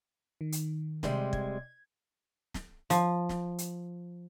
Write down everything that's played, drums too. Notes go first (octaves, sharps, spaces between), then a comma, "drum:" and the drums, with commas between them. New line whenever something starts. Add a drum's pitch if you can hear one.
D#3
drum: hi-hat
C3 G3 G#3, drum: snare
G#6, drum: kick
drum: snare
F3, drum: hi-hat
drum: snare
drum: hi-hat